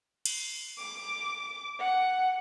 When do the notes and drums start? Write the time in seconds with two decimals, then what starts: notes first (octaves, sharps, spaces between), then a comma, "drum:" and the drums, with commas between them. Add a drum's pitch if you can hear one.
0.26 drum: cymbal
0.79 D6
1.79 F#5